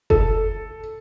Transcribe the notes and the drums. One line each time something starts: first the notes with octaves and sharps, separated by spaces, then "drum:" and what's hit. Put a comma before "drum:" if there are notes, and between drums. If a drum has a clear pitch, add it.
A4, drum: kick F#1